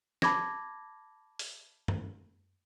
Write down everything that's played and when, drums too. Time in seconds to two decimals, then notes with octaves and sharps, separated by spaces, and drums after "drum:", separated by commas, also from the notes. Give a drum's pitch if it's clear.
0.22 A5 B5 D6 G#6 A#6, drum: snare
1.39 drum: open hi-hat
1.88 drum: tom F#2